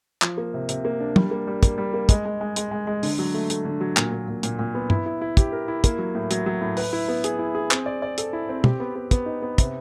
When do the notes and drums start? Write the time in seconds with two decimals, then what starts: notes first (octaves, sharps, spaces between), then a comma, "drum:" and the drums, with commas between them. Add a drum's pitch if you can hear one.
0.22 F3, drum: clap
0.38 A#3
0.54 C3
0.69 C3, drum: hi-hat
0.85 A#3
1.00 D4
1.16 G3, drum: tom
1.31 A#3
1.47 G3
1.63 A#3, drum: kick, hi-hat
1.78 G3
1.94 A#3
2.09 G#3, drum: kick, hi-hat
2.25 G#3
2.41 G#3
2.56 G#3, drum: hi-hat
2.71 G#3
2.87 G#3
3.03 D3, drum: open hi-hat
3.19 F#3
3.34 A3
3.50 A3, drum: hi-hat
3.65 D3
3.81 F#3
3.97 A#2, drum: clap
4.12 A#2
4.28 A#2
4.43 A#2, drum: hi-hat
4.59 A#2
4.75 B3
4.90 E4, drum: tom
5.06 E4
5.21 E4
5.37 G4, drum: kick, hi-hat
5.53 A#4
5.68 E4
5.84 A#3, drum: kick, hi-hat
5.99 F#3
6.15 A2
6.31 F#3, drum: hi-hat
6.46 F#3
6.61 A2
6.77 B4, drum: open hi-hat
6.93 E4
7.08 B3
7.24 G#4, drum: hi-hat
7.39 E4
7.55 G#4
7.71 C4, drum: clap
7.86 D5
8.02 D5
8.18 A4, drum: hi-hat
8.33 E4
8.49 C4
8.64 G4, drum: tom
8.80 B3
8.96 B3
9.11 B3, drum: kick, hi-hat
9.26 D#4
9.42 B3
9.58 C3, drum: kick, hi-hat